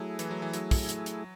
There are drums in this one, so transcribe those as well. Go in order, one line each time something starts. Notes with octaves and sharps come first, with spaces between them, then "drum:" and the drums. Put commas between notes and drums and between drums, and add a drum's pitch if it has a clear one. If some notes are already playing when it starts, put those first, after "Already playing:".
Already playing: F#3 A3 E4 G#4
E3, drum: hi-hat
F#3
E3
F#3, drum: hi-hat
drum: kick, open hi-hat
drum: hi-hat
drum: hi-hat